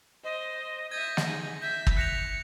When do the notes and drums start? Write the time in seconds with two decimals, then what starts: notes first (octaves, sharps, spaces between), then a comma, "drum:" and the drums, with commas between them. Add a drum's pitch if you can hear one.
0.24 C5 D#5
0.91 E5 D#6 G6 G#6 A#6
1.17 drum: snare
1.26 D#4 G#4
1.62 E5 G6 B6
1.87 drum: kick
1.97 F#6 A#6 C#7 F7